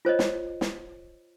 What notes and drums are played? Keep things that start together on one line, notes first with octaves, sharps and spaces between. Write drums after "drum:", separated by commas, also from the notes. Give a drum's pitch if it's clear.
F4 C5 C#5 D#5
drum: snare
drum: snare